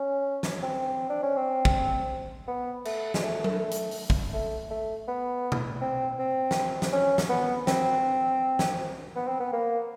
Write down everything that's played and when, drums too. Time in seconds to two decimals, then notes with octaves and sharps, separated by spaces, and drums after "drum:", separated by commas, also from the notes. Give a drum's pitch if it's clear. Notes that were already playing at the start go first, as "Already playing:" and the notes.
Already playing: C#4
0.43 drum: snare
0.63 C4
1.10 D4
1.23 C#4
1.37 C4
1.65 drum: kick
2.48 B3
2.85 A3, drum: cymbal
3.14 G#3, drum: snare
3.23 A3
3.44 drum: tom F#3
3.71 drum: hi-hat
3.91 drum: open hi-hat
4.10 drum: kick
4.33 A3
4.70 A3
5.08 B3
5.52 drum: tom B2
5.81 C4
6.19 C4
6.51 drum: snare
6.82 drum: snare
6.92 C#4
7.18 drum: snare
7.30 B3
7.67 C4, drum: snare
8.59 drum: snare
9.16 B3
9.28 C4
9.40 B3
9.53 A#3